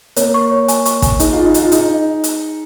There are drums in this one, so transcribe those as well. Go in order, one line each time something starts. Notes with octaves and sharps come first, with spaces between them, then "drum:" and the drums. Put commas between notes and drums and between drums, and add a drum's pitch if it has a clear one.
A#3 C#5, drum: hi-hat
C#6
C#5
G#5, drum: hi-hat
C#6, drum: hi-hat
G#5, drum: kick, hi-hat
D#4 G#4, drum: hi-hat
F4 G#4
D#4
F4 D#5, drum: hi-hat
D#4 G#4, drum: hi-hat
D#5
drum: hi-hat